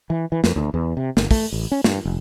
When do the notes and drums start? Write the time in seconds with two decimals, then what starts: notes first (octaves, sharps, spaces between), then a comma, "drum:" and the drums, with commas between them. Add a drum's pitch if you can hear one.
0.10 E3
0.32 E3
0.44 F2, drum: snare
0.56 D2
0.74 E2
0.97 C3
1.17 G1, drum: snare
1.31 A3, drum: kick, open hi-hat
1.52 A1
1.72 C#4
1.84 G2, drum: snare
2.05 F1